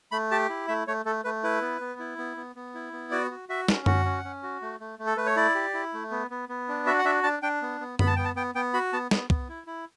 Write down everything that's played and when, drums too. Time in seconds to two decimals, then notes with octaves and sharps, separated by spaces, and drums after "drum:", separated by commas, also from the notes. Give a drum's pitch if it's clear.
0.12 A3 B5
0.31 G4 A5
0.49 E4
0.68 A3 E5
0.87 A3 C#5
1.06 A3 A4
1.24 A3 B4
1.43 E4 B4
1.61 B3
1.81 B3
1.99 E4
2.18 B3
2.37 B3
2.56 B3
2.75 E4
2.93 B3
3.11 F#4 D5
3.31 F#4
3.49 F#4 E5
3.68 C#4, drum: snare
3.86 F#4 F#5, drum: tom F#2
4.05 C#4
4.25 C#4
4.43 F#4
4.62 A3
4.80 A3
4.99 A3
5.07 A4
5.17 A3 B4
5.26 C#5
5.36 E4 D5
5.55 G4
5.74 E4
5.93 A3
6.11 B3
6.30 B3
6.49 B3
6.68 D4
6.86 F#4 E5
6.99 F#5
7.05 D4 E5
7.23 D4 A5
7.43 D4 G5
7.62 B3
7.80 B3
7.99 B3 B5, drum: tom F#2
8.07 A5
8.16 B3 G5
8.24 A5
8.36 B3 G5
8.55 B3 G5
8.74 F#4 B5
8.93 B3 A5
9.11 B3, drum: snare
9.30 B3, drum: kick
9.49 E4
9.67 E4